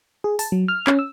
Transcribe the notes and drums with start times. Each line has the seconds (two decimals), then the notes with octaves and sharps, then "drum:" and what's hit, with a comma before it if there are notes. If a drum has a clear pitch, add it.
0.24 G#4
0.39 A5, drum: open hi-hat
0.52 F#3
0.68 F6
0.87 C#4, drum: clap
0.99 E6